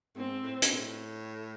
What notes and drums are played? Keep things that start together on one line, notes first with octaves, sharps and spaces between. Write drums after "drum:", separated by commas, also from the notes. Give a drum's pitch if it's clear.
G#2 C4
A2
B2, drum: hi-hat
A2